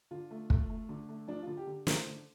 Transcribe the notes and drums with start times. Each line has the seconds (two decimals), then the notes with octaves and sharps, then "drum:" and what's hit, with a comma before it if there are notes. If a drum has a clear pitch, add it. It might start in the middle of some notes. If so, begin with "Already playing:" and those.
0.11 D3 F4
0.31 A3
0.50 A3, drum: kick
0.70 A3
0.89 D3
1.09 A3
1.28 F3 D4
1.43 D3 F4
1.57 G4
1.67 D3
1.87 A3 C5, drum: snare
2.06 D3